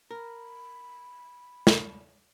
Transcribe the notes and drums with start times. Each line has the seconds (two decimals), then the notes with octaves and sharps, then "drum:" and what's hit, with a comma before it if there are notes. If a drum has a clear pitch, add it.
0.11 A#4 B5
1.67 drum: snare